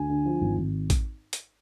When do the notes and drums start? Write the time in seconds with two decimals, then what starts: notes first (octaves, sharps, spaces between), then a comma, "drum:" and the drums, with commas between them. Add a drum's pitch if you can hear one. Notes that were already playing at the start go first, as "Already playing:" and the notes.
Already playing: D2 G#5
0.09 D3
0.25 F3
0.41 G#1
0.58 G#1
0.90 drum: kick A1, hi-hat
1.33 drum: hi-hat